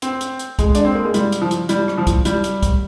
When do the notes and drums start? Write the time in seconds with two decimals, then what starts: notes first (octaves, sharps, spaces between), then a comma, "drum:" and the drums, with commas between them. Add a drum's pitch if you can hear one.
0.02 C4, drum: hi-hat
0.21 drum: hi-hat
0.39 drum: hi-hat
0.59 G#3, drum: kick, hi-hat
0.75 D4, drum: hi-hat
0.85 C4
0.95 A#3
1.05 G#3
1.14 G3, drum: hi-hat
1.32 drum: hi-hat
1.41 F3
1.51 drum: hi-hat
1.69 G3, drum: hi-hat
1.88 drum: rim click
1.98 F3
2.07 drum: kick, hi-hat
2.25 G3, drum: hi-hat
2.44 drum: hi-hat
2.63 drum: kick, hi-hat